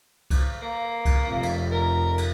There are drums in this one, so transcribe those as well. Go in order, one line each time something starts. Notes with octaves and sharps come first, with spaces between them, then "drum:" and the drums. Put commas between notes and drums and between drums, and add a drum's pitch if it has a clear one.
drum: kick C2, cymbal
A#3
drum: kick C2, cymbal
F1 F2
drum: cymbal
A#4
drum: cymbal